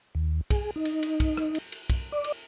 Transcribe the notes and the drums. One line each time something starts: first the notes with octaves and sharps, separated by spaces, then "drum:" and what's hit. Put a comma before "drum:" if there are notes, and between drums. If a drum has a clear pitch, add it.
D#2
G#4, drum: kick, cymbal
D#4
drum: cymbal
drum: cymbal
drum: kick, cymbal
drum: rim click
drum: cymbal
drum: cymbal
drum: kick, cymbal
D5
drum: cymbal